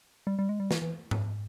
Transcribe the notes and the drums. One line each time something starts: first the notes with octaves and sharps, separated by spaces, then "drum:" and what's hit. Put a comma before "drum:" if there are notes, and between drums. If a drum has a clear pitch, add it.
G3
G3
G#3
G3
E3, drum: snare
E3
drum: tom G#2